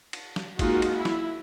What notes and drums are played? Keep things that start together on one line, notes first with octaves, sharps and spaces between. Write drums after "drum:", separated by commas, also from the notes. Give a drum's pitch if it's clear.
drum: cymbal
drum: snare
G#3 A#3 D#4 F4 F#4, drum: kick, cymbal
drum: cymbal
E4
drum: snare